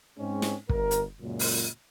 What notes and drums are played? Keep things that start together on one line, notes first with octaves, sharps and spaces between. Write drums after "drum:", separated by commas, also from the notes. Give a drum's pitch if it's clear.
G#2 G#3 C4 C#4
drum: snare
G1 G2 A#4, drum: kick
drum: hi-hat
C#2 F#2 A#2
drum: open hi-hat